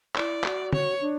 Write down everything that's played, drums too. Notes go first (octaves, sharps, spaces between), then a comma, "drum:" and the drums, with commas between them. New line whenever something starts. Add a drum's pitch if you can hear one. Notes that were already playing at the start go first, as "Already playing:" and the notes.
E4 D5, drum: clap
F#4, drum: clap
C#5, drum: tom
D4